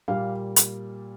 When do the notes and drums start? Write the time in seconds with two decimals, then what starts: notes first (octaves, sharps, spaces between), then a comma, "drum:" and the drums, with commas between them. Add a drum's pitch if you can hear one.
0.08 A#2 G3 A#3 F5
0.56 drum: hi-hat